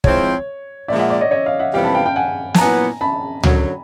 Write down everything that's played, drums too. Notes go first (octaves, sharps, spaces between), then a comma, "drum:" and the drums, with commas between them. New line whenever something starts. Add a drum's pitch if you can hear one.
F3 G#3 C4 E4 C#5, drum: kick
A#2 F3 G#3 D5 E5
E5 F#5
D5 E5
C#5 D#5
C#5 D#5
D#5 F5
E5 F#5
F2 C3 E3 G3 B3 F5 G5
A5 B5
F5 G5
F5 G5
F#5 G#5
A5, drum: snare
A#2 F#3 B3 E4 G#5 A#5
A5 B5
F#2 D3 F#3, drum: tom C#2